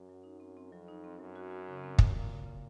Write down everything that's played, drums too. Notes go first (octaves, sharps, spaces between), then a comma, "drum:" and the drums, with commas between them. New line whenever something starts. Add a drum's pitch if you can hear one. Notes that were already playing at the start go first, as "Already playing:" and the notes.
Already playing: F#2
F#3
D#4
C4
C4
F2 F#3
D#4
C4
F#2 F#3
F#4
F#4
C#3
C4
C#3, drum: kick
A#2 C#3
C#3
C#3